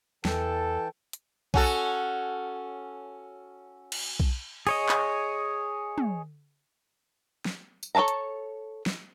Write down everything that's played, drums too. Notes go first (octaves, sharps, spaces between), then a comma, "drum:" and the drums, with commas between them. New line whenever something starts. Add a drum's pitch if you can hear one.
E2 E3 A4 G5 A5, drum: snare
drum: hi-hat
C#4 F#4 A4, drum: kick B1
drum: cymbal
drum: kick B1
G#4 C#5 D#5, drum: cymbal
drum: clap
drum: tom
drum: snare
drum: tambourine
A4 C#5 F5 A5 A#5
drum: hi-hat
drum: snare